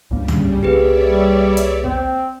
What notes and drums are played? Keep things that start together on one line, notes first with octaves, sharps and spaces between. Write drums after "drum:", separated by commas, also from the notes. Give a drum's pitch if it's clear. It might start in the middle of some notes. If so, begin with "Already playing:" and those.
C#2 G2 C#3 G3 A#3
drum: tom
C2 A#3 G4 G#4 B4 C#5 D5 E5
G3
drum: hi-hat
C4, drum: kick